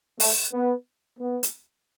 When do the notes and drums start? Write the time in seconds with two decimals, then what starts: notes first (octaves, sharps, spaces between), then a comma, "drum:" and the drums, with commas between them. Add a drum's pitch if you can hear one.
0.20 A3, drum: open hi-hat
0.53 B3
1.19 B3
1.43 drum: hi-hat